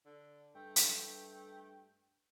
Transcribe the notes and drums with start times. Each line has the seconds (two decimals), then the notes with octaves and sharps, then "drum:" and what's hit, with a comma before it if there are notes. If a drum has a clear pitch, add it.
0.06 D3
0.55 G2 A3 G5
0.76 drum: hi-hat